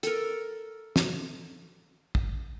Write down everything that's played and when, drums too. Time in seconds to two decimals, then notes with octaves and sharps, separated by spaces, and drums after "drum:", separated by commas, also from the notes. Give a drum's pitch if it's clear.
0.03 A4 A#4, drum: hi-hat
0.96 drum: snare
2.15 drum: kick